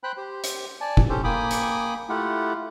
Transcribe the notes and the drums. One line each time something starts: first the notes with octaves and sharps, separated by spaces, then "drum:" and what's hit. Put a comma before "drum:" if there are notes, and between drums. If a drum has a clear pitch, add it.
C5 G5 B5 F#6
G4 C5
drum: hi-hat
D5 G#5 A5
drum: kick
C#4 G4 A4 C5
A#3 G5 G#5 B5 D6 D#6
drum: hi-hat
A3 E4 F4 G4 F#5